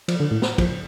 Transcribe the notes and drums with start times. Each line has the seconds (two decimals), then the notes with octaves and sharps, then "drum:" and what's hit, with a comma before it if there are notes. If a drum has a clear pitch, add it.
0.08 F3, drum: cymbal
0.20 D3
0.31 A2
0.42 drum: snare
0.58 F3, drum: kick, cymbal